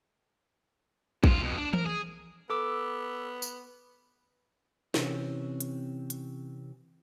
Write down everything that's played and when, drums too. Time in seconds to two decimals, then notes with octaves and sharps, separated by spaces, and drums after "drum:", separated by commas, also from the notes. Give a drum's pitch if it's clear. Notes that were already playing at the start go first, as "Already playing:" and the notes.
1.24 G2 F4, drum: kick A1
1.41 F2 B2
1.58 D4
1.73 A#4, drum: tom E3
1.86 G#4
2.50 B3 A4 D6 E6
3.42 drum: tambourine
4.94 C3 E3 C4 C#4, drum: snare
5.60 drum: hi-hat
6.10 drum: hi-hat